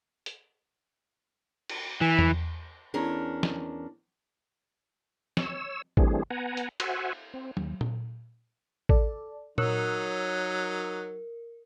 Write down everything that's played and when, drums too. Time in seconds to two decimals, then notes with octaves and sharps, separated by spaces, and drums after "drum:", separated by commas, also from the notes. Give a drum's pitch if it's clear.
0.26 drum: hi-hat
1.70 drum: cymbal
2.01 E3
2.19 drum: tom E2
2.94 E2 C#4 D4 A#4
3.43 drum: snare
5.37 C#5 E6, drum: snare
5.97 E3 G3 A3 C4 D4 G#4, drum: kick
6.30 B3 F#5 G#5 A#5
6.57 drum: hi-hat
6.80 F#4 C5 E5 F#5 G#5, drum: cymbal
7.34 C4
7.57 D#2, drum: tom F#3
7.81 drum: tom A#2
8.89 A4 D5, drum: kick
9.58 F#3 D#4 A#4 C#5 E6 F#6, drum: tom A#2